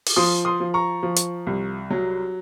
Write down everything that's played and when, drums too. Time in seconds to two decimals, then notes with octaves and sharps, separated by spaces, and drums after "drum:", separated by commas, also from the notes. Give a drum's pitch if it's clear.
0.06 drum: open hi-hat
0.16 F3 C6 D#6
0.45 C6 D#6
0.60 F3
0.74 A#5 C#6
1.03 F3
1.16 drum: hi-hat
1.47 C2
1.90 F#3